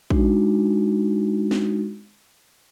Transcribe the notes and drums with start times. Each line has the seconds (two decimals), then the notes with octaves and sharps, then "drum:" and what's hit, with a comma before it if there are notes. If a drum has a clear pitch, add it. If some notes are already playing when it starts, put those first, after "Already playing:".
0.10 G#3 D4 D#4 F#4, drum: kick
1.51 drum: snare